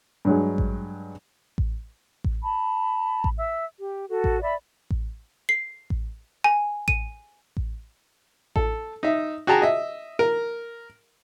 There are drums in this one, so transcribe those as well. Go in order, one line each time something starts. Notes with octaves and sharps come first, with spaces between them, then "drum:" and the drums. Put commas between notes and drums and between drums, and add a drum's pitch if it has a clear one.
G2 F#3 G#3
drum: kick A1
drum: kick A1
drum: kick A1
A5 B5
drum: kick A1
E5 E6
G4
F#4 A4
drum: kick A1
D5 E5 B5
drum: kick A1
C7
drum: kick A1
G#5
D#7, drum: kick A1
drum: kick A1
A4, drum: kick A1
D#4 E5
F#4 G#4 G5 A5 A#5
D#5 E5
A#4